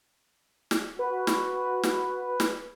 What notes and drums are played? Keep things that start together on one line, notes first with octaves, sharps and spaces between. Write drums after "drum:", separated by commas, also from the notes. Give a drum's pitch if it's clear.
drum: snare
F#4 B4
drum: snare
drum: snare
drum: snare